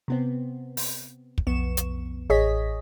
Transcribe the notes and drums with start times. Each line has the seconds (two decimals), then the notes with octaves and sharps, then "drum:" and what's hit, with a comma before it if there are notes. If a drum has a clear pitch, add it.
0.08 C3 B3 C4
0.77 drum: open hi-hat
1.38 drum: kick
1.47 B1 F2 B3 C#6 E7
1.77 drum: hi-hat
2.30 A1 G#4 C#5 D#5 B6